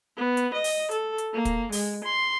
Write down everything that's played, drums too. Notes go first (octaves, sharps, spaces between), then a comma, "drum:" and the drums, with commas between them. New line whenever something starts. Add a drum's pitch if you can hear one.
B3
drum: hi-hat
D#5
drum: open hi-hat
A4, drum: hi-hat
drum: hi-hat
A#3
drum: kick, hi-hat
G#3, drum: open hi-hat
C6